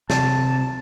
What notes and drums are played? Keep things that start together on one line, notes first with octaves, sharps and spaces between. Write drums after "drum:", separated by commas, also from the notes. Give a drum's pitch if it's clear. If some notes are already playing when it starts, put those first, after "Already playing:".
C3 A5, drum: snare